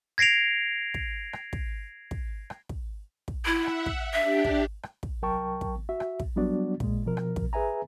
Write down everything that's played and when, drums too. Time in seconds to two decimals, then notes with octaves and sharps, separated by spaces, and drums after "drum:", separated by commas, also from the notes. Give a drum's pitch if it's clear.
0.18 G#6 A#6 C7 D7 F7
0.94 drum: kick
1.33 drum: rim click
1.53 drum: kick
2.11 drum: kick
2.50 drum: rim click
2.69 drum: kick
3.28 drum: kick
3.45 E4 E5 F#5
3.67 drum: rim click
3.86 drum: kick
4.13 D4 G4 E5
4.44 drum: kick
4.83 drum: rim click
5.03 drum: kick
5.22 C2 F#3 A#4 G5 A5 C#6
5.61 drum: kick
5.89 F#4 E5
6.00 drum: rim click
6.20 drum: kick
6.36 F#3 G3 B3 D4 F#4 D5
6.80 A#2 G#3, drum: kick
7.05 B2 F3 A#4
7.17 drum: rim click
7.36 drum: kick
7.53 G#4 B4 E5 G#5 A#5